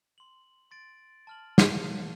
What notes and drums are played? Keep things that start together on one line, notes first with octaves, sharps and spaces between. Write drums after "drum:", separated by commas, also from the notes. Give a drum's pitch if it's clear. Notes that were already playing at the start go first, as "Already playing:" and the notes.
C6 F#7
C6 A6 D7
A5 F6 F#7
drum: snare
E3 A#4 F5